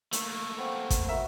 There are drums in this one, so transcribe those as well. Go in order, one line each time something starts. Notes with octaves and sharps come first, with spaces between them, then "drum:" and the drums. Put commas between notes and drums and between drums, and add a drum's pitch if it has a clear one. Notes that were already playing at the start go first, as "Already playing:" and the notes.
A3 A#3, drum: hi-hat
B3 C4 C5 F5
drum: kick G#1, hi-hat
F#4 A#4 E5